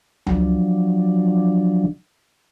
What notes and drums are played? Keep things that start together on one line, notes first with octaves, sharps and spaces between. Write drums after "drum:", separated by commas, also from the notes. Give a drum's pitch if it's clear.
F3 F#3 D4, drum: tom C#2